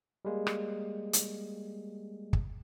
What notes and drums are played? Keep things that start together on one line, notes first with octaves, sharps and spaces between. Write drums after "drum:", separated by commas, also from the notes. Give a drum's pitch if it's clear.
G3 G#3 A#3
drum: rim click
drum: hi-hat
drum: kick